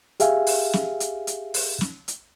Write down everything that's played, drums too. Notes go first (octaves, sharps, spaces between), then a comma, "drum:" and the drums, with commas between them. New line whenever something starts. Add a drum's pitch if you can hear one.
G4 G#4 E5 F5 G#5 F6, drum: hi-hat
drum: open hi-hat
drum: snare
drum: hi-hat
drum: hi-hat
drum: open hi-hat
drum: snare
drum: hi-hat